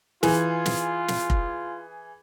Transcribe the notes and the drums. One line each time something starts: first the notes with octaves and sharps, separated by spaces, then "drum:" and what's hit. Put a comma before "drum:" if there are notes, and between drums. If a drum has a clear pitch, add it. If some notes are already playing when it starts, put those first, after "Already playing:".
E3 F4 G#4, drum: snare
drum: snare
drum: snare
drum: kick F1